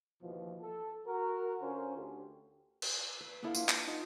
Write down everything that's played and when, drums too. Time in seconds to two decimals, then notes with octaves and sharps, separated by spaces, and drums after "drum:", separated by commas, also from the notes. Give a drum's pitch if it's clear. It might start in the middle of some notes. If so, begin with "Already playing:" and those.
0.22 D#2 B2 E3 F3
0.61 A4
1.07 F#4 A#4
1.61 D3 C#4 F4 A#4 C5
1.97 D2 D3 G4
2.82 drum: cymbal
3.21 B4
3.43 A#3 B3 D4 E4 A4 F5
3.55 F4, drum: tambourine
3.69 G6, drum: clap
3.88 D#4 F4 D#5